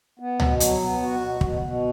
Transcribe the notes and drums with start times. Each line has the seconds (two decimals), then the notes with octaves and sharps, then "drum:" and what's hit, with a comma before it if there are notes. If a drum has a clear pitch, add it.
0.19 B3
0.40 B2, drum: tom C#2
0.60 F#3, drum: hi-hat
0.81 B3
1.01 F#4
1.21 B2
1.41 B2, drum: kick
1.62 B2